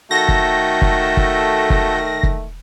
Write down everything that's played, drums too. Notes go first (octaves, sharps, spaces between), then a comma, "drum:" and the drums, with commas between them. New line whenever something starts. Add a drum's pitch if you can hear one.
D#3 A3 F#4 A4 G6 A#6
drum: kick
drum: kick
drum: kick
drum: kick
drum: kick